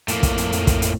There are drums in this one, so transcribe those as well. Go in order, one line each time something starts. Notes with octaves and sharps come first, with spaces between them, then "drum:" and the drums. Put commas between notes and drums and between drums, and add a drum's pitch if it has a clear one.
F2 A2 A#3, drum: hi-hat
drum: kick, hi-hat
drum: hi-hat
drum: hi-hat
drum: kick, hi-hat
drum: hi-hat